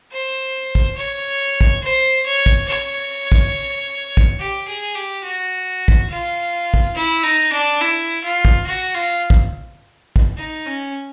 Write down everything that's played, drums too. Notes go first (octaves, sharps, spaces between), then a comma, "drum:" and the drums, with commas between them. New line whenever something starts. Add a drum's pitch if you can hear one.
C5
drum: kick
C#5
drum: kick
C5
C#5
drum: kick
C#5
drum: kick
drum: kick
G4
G#4
G4
F#4
drum: kick
F4
drum: kick
E4
D#4
D4
E4
F4
drum: kick
F#4
F4
drum: kick
drum: kick
D#4
C#4